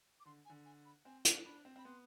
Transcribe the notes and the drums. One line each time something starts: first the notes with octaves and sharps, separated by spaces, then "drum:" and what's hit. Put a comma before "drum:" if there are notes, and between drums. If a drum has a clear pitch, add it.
D6
D3 C6
G#5
D3
G#5
B5
C4 G#5
D4, drum: hi-hat
D4 B5
C4
C4 B5
B3 C6